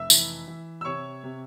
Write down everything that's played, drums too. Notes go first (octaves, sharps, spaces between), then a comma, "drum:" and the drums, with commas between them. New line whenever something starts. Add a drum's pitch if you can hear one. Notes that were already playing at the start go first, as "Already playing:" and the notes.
Already playing: F1 E5 E6
E3, drum: tambourine
E3
E6
C3 C#5 C#6
C3